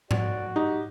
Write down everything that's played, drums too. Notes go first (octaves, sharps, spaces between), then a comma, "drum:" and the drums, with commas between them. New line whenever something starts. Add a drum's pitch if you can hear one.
F#4 D5, drum: tom G#2
D#4 G4